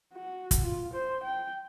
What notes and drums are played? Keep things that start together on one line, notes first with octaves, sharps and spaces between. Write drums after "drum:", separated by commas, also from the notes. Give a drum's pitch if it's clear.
F#4
drum: kick, hi-hat
F4
C5
G5